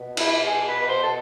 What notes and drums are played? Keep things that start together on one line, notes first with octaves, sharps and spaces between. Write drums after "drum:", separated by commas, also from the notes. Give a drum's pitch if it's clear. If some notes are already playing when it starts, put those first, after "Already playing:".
Already playing: B2
E4, drum: cymbal
G#4
B4
B4
C5
A4